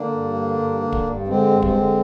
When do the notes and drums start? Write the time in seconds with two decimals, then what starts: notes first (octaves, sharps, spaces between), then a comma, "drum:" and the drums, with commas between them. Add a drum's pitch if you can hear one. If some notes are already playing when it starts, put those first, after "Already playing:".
Already playing: D3 A#3 D4
0.12 G2
0.34 D3
0.58 G2
0.81 D3
0.92 drum: kick
1.04 G2
1.27 D3 G#3 C4
1.50 G2
1.62 G#3 C4, drum: kick
1.74 D3